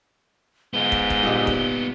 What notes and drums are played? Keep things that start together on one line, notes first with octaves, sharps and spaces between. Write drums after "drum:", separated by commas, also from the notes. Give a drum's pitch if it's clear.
G#2 B3 F4 G7
drum: kick
drum: kick
A#2 D#4 G4
drum: kick